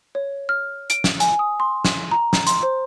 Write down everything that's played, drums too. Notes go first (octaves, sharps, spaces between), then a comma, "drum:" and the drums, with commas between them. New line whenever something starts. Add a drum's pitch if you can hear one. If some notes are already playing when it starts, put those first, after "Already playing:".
C#5
F6
D7, drum: hi-hat
drum: snare
G#5, drum: hi-hat
D#6
C6
drum: snare
A#5
drum: snare
C6, drum: hi-hat
C5